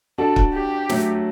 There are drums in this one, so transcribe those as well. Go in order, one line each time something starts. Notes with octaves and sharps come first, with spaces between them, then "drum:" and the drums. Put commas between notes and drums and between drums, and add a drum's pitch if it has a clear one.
D4 F#4 A4
drum: kick
G4
F#3 A3, drum: snare